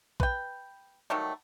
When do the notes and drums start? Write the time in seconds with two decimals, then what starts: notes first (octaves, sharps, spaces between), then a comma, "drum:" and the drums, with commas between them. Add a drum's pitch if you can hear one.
0.20 B4 G5, drum: kick A#1
1.10 D#3 F#3 G3 A3